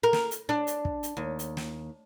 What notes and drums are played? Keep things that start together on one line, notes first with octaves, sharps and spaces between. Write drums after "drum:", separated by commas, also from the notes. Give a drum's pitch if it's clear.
A#4
drum: snare
drum: hi-hat
D4
drum: hi-hat
drum: kick
drum: hi-hat
D#2
drum: hi-hat
drum: snare